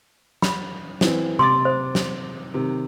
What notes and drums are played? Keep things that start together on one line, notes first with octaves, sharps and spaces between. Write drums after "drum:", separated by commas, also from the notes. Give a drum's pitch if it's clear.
B5, drum: snare
E3 C4, drum: snare
C3 C6 D6 A6, drum: tom C3
C5
drum: snare
C3 D#3